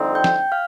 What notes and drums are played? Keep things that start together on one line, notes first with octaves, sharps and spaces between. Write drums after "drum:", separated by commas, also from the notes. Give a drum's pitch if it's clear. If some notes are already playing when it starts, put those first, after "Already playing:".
Already playing: F2 D3 G3 C4 D#4
G5 G6
drum: snare
F5 F6